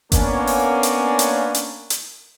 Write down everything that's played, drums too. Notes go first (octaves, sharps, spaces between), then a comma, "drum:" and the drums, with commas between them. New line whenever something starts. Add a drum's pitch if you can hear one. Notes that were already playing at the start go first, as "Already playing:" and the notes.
A#3 B3 C#4 D4, drum: kick G1, hi-hat
drum: open hi-hat
drum: hi-hat
drum: hi-hat
drum: hi-hat
drum: hi-hat